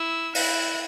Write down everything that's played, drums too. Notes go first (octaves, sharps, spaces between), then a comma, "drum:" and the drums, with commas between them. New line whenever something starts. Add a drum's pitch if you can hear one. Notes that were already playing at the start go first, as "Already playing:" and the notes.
Already playing: E4 E6
E4 F#6, drum: open hi-hat